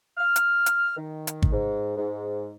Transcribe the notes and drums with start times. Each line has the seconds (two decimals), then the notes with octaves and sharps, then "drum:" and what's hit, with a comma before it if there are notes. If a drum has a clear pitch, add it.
0.18 F6
0.36 drum: hi-hat
0.66 drum: hi-hat
0.97 D#3
1.27 drum: hi-hat
1.42 drum: kick
1.52 G#2
1.96 G#2